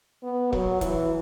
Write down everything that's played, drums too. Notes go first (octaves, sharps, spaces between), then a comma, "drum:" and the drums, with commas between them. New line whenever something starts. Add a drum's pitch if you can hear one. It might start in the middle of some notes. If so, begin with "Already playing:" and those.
B3
F#3, drum: kick E1
E3, drum: kick E1, hi-hat